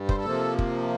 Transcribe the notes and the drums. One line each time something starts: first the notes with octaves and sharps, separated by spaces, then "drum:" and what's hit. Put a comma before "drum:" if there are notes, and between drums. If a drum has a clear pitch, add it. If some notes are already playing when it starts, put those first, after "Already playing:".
Already playing: G2 G3
C5, drum: kick
A4
C3 F3 A#3
drum: kick